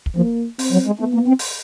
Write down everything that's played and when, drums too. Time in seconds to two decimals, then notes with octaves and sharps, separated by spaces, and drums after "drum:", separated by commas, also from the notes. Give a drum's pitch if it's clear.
0.06 drum: kick
0.16 F3 A#3
0.59 C4, drum: open hi-hat
0.72 F#3
0.86 G#3
0.99 A3 B3
1.14 A#3
1.28 C4
1.39 drum: open hi-hat